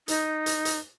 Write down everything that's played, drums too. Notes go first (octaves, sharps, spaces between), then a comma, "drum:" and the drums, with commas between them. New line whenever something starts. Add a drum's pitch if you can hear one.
D#4, drum: hi-hat
drum: hi-hat
drum: hi-hat